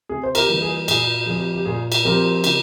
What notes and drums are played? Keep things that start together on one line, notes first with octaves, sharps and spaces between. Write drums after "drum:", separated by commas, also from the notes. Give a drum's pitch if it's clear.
C3 G#4
C5
G4 A#4, drum: cymbal
E3 G3 A#3
G#4
A#2 G#4, drum: cymbal
F3 C4 G#4
G4
G4
A#2 G#4
drum: cymbal
F3 C4 G4 A#4
C#3, drum: cymbal